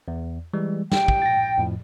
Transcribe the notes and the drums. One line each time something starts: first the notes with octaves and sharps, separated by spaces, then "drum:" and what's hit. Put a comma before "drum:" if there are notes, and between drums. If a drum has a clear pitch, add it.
E2
E3 G3 G#3
G4 G5, drum: snare
drum: kick
A6 A#6
F2 A2 F3